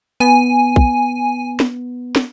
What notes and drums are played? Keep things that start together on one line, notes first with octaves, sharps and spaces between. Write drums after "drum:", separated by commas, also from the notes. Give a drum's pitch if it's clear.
B3 G#5
drum: kick
drum: snare
drum: snare